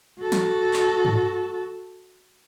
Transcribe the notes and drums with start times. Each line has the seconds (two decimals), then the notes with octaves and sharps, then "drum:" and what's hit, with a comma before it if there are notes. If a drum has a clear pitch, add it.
0.21 F#4 A4
0.32 drum: snare
0.74 drum: clap
1.05 drum: tom